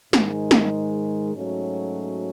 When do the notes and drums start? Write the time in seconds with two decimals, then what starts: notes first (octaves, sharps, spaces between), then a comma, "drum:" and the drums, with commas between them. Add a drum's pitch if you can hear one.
0.13 G#2 D#3 G#3, drum: snare
0.51 drum: snare
1.34 G#2 F#3 A3 C#4 F#4